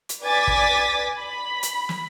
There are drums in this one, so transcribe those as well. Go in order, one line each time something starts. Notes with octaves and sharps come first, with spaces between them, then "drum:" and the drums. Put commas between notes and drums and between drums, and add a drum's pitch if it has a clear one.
drum: hi-hat
B4 D5 G#5 D6 A6 B6
drum: kick
B5
drum: hi-hat
drum: snare